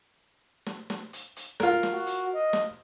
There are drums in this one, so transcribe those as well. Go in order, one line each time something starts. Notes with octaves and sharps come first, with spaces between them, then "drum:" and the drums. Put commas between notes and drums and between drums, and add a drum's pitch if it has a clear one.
drum: snare
drum: snare
drum: hi-hat
drum: hi-hat
F4 A#4, drum: snare
drum: snare
F#4
drum: hi-hat
D#5
drum: snare